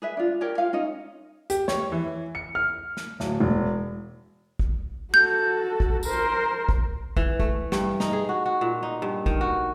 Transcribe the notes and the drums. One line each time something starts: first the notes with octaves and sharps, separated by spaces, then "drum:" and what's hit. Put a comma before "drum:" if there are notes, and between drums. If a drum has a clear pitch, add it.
G#4 B4 E5
D4 F4
G4 A#4 C#5 G5
F4 F5
C#4 D#4 D#5
G4, drum: hi-hat
C#5, drum: snare
E3
C#7
F6
drum: snare
D1, drum: snare
E1
drum: kick
F#4 A4 G6
drum: kick
A#4 C5, drum: tambourine
drum: kick
E3, drum: kick
A3, drum: kick
G2, drum: snare
D#4, drum: snare
G#4
F#4
F#4
A#2
D#4
G2
D#3, drum: kick
F#4